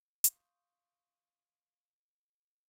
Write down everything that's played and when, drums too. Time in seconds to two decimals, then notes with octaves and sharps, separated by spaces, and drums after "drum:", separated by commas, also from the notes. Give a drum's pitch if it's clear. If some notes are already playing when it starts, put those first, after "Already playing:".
0.24 F5 C6 C#6 D#6 G6, drum: hi-hat